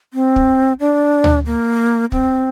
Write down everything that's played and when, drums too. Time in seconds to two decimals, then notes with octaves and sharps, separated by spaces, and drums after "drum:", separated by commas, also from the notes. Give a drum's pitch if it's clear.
0.14 C4
0.36 drum: kick
0.80 D4
1.24 drum: tom D2
1.46 A#3
2.12 C4, drum: kick